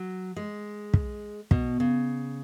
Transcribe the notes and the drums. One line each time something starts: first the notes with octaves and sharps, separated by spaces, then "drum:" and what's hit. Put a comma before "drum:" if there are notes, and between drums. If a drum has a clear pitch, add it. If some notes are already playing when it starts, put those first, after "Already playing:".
Already playing: F#3
G#3
drum: kick
B2, drum: kick
C#3